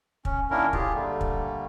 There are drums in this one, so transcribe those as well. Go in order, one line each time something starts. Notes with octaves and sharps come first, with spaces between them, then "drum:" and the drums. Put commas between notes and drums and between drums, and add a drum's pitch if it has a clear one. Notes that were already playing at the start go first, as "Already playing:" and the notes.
C#4, drum: kick
D#3 A#3 C#4 D4 E4 A#4
A2 F4 G4 G#4, drum: kick
D3 G3 A3 A#3
drum: kick